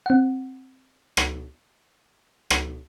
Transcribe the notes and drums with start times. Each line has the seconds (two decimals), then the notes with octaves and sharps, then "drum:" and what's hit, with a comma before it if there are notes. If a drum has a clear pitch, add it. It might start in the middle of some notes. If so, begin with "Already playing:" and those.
0.06 C4 F#5
1.17 drum: rim click
2.50 drum: rim click